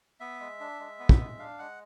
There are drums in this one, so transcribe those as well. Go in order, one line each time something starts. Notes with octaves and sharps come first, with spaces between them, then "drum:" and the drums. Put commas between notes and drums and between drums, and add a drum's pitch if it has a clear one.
B3 E5
G#3
D4
G#3
B3
drum: kick
G#3
D4 F5
G#3 F#5